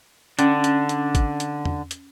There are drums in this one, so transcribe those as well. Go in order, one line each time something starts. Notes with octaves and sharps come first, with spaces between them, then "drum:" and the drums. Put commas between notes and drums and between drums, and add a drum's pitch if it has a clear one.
D3 C#4 D4, drum: hi-hat
drum: hi-hat
drum: hi-hat
drum: kick A1, hi-hat
drum: hi-hat
drum: tom E2
drum: hi-hat